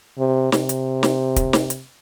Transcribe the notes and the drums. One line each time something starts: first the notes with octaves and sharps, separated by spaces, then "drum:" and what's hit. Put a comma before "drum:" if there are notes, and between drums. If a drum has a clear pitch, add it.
C3
C3, drum: snare
drum: hi-hat
drum: snare
drum: kick, hi-hat
drum: snare
drum: hi-hat